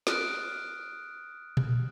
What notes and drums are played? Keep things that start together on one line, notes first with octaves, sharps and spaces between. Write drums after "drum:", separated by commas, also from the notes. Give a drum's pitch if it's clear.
D#6 F6 F#6 D7, drum: snare
drum: tom A#2